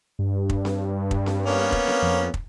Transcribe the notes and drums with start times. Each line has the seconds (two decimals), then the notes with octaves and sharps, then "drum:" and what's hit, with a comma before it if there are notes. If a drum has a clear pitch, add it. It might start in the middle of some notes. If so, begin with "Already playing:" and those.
0.19 G2
0.49 drum: kick
0.65 drum: snare C4
1.11 drum: kick
1.26 drum: snare C4
1.46 A#3 B3 C#4
1.72 drum: kick
1.88 drum: snare C4
2.02 F2
2.34 drum: kick